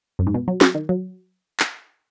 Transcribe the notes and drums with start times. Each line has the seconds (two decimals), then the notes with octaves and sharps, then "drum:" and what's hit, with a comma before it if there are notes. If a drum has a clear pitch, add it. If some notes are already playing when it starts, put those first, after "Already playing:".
0.19 F#2
0.27 G#2
0.34 B2
0.48 F#3
0.61 F#3, drum: snare
0.75 D#3
0.89 F#3
1.60 drum: clap